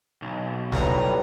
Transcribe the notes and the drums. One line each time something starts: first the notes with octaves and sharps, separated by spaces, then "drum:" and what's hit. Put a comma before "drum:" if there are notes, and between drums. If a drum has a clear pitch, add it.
B1
A2 G3 B3 A#5, drum: snare